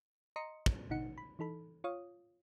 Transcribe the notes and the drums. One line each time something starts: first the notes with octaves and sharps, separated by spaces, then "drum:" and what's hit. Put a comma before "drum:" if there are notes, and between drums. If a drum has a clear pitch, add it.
D#5 A#5 C6 D#6 C#7
drum: kick
A1 B2 D3 D#4 F#5 C#7
B5
E3 D#4 A4 B5
F4 C#5 F5 D#6